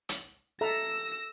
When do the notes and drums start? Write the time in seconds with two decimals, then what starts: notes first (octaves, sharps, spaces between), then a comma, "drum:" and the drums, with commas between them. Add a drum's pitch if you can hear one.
0.09 drum: hi-hat
0.61 A4 E5 A#5 E6 A#6